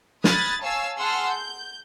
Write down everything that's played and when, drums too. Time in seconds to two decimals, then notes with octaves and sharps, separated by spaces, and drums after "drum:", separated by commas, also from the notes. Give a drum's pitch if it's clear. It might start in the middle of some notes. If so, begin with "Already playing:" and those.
0.24 B5 D#6 F6 F#6 G#6 A6, drum: snare
0.62 C#5 F5 G#5 A5 E6
0.99 G#4 F#5 A5 C6 E6 F6
1.28 G6